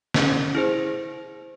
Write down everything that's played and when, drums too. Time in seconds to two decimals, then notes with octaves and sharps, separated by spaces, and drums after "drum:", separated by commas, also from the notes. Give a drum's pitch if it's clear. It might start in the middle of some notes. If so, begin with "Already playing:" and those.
0.14 C#4, drum: snare
0.55 E4 G#4 C5